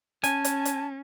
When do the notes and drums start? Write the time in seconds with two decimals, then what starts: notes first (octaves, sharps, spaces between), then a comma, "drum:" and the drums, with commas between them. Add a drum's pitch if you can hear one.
0.24 C#4 G#5 A5, drum: hi-hat
0.45 drum: hi-hat
0.65 drum: hi-hat